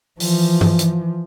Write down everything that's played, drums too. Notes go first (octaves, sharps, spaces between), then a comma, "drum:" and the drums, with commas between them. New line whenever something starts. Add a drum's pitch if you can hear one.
E3 F3, drum: open hi-hat
drum: tom G2
drum: hi-hat